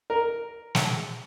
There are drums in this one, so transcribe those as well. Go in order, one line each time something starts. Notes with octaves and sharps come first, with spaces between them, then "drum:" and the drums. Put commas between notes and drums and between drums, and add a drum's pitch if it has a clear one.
A#4
drum: snare